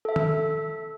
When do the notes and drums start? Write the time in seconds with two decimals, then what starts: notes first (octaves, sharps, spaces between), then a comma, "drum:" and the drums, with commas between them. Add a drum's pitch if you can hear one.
0.05 A4 E5
0.16 drum: tom D#3